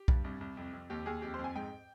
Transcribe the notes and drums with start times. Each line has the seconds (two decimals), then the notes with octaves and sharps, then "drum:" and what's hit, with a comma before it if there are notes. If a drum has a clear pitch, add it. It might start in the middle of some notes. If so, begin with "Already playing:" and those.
Already playing: G4
0.08 G2, drum: kick B1
0.24 C2
0.41 C2
0.57 F2
0.73 F2
0.90 D#2 G4
1.06 D#2 G#4
1.22 F2 G4
1.34 C5
1.39 F2
1.44 G#5
1.55 G#2 G5